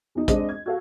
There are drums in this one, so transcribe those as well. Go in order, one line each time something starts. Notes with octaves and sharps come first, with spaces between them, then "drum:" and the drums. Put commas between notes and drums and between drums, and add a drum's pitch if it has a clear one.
E2 D#4
G#3 C4 D4 D#5, drum: kick, hi-hat
G#6
F#4 A4 F5